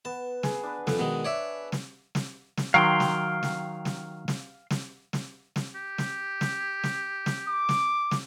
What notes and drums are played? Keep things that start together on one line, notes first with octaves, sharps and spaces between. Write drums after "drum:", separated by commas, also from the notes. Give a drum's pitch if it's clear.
B3 A5
G#4, drum: snare
D4 B4
F2, drum: snare
B2 D#3 G#3
C#5 D5 E5
drum: snare
drum: snare
drum: snare
D#3 F#3 F5 G5 C6
drum: snare
drum: snare
drum: snare
drum: snare
drum: snare
drum: snare
drum: snare
G4
drum: snare
drum: snare
drum: snare
drum: snare
D6
drum: snare
drum: snare